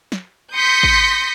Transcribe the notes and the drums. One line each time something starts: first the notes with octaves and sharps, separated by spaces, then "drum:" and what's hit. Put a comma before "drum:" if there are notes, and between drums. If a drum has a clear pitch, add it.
drum: snare
C6 D#6 G6 A#6 B6 C#7
drum: kick